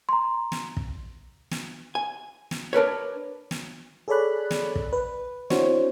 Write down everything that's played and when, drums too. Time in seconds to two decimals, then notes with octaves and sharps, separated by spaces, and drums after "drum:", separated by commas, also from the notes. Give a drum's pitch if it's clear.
0.09 A#5 C6
0.52 drum: snare
0.77 drum: kick
1.51 drum: snare
1.95 G#5
2.51 drum: snare
2.73 D4 A#4 B4 C#5
3.51 drum: snare
4.08 G#4 A4 C#5 D5 B5 F#6
4.51 drum: snare
4.75 drum: kick
4.93 B4
5.50 C4 D4 E4 F#4 C5 C#5, drum: snare